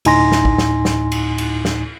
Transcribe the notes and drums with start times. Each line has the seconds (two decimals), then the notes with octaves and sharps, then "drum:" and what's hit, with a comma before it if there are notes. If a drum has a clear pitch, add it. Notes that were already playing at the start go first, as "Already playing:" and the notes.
0.05 D2 A2 D#4 G#5 C6 A#6, drum: cymbal
0.32 drum: snare
0.45 drum: kick
0.58 drum: snare
0.85 drum: snare
1.12 drum: cymbal
1.38 drum: cymbal
1.65 drum: snare